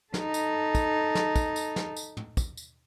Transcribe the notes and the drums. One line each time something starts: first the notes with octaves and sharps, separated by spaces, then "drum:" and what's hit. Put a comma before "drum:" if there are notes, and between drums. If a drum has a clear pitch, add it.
D#4 A4, drum: snare
drum: tambourine
drum: kick, tambourine
drum: snare
drum: kick, tambourine
drum: tambourine
drum: snare
drum: tambourine
drum: tom
drum: kick, tambourine
drum: tambourine